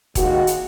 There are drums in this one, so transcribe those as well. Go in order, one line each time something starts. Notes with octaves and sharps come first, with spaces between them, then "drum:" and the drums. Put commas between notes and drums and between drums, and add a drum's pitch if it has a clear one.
D#2 D#3 G#3 F#4, drum: kick E1, hi-hat
drum: hi-hat